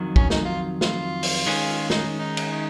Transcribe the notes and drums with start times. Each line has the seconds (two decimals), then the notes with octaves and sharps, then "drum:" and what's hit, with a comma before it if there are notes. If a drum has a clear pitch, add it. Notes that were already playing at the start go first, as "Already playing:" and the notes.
Already playing: F2 D#3 F#3
0.16 C#4, drum: kick
0.30 D#4, drum: snare
0.45 F4
0.81 F4, drum: snare
1.23 drum: open hi-hat
1.46 D#3 G#3 C#4 G#4
1.90 D#4, drum: snare
2.19 D#4
2.37 drum: cymbal